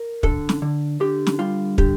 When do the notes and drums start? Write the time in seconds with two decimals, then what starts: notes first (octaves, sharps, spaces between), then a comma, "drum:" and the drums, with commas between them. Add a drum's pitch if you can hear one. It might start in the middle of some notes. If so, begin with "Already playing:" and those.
Already playing: A#4
0.23 D3 A4, drum: kick
0.49 drum: snare
0.62 D3
1.00 D3 G4
1.27 drum: snare
1.39 G3 F4
1.78 D3 G4, drum: kick